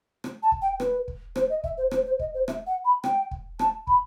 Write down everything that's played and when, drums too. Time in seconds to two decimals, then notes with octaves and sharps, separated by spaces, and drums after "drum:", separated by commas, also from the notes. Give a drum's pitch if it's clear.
0.24 drum: rim click
0.43 A5
0.52 drum: kick
0.62 G5
0.80 B4, drum: rim click
1.08 drum: kick
1.36 C5, drum: rim click
1.50 D#5
1.64 E5, drum: kick
1.78 C5
1.91 C5, drum: rim click
2.05 C5
2.19 D#5, drum: kick
2.34 C5
2.48 E5, drum: rim click
2.67 F#5
2.85 B5
3.04 G5, drum: rim click
3.31 drum: kick
3.59 A5, drum: rim click
3.87 B5, drum: kick